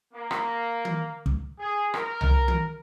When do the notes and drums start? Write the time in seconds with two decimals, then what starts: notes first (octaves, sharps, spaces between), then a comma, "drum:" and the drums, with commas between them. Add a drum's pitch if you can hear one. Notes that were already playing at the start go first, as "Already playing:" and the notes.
0.14 A#3
0.31 drum: rim click
0.85 drum: tom D#3
1.26 drum: kick
1.59 G#4
1.94 A#4, drum: rim click
2.21 drum: tom C2
2.48 drum: tom D#3